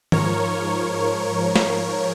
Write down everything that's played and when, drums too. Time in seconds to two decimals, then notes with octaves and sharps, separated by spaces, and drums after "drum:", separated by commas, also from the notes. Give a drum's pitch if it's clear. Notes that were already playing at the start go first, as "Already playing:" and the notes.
0.12 G#2 F3 A#4 C#5, drum: tom D#3
1.56 drum: snare